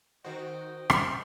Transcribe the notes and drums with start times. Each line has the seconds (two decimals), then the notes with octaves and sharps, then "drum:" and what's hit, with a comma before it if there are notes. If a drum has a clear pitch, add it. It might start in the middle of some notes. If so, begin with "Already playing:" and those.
0.25 D#3 C4 F#4 C5 D#5 G5
0.90 drum: rim click